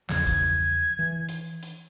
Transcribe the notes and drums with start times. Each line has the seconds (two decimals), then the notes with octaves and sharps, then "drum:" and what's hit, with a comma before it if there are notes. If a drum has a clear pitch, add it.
0.09 E2 C#3 F3 G#6, drum: clap
0.26 drum: kick, hi-hat
0.99 E3
1.29 drum: hi-hat
1.63 drum: hi-hat